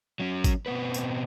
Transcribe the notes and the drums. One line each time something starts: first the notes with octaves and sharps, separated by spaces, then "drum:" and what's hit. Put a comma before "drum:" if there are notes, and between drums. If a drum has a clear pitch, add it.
F#3 C#4
drum: kick G#1, tambourine
B2 B3 C4 B4
drum: tambourine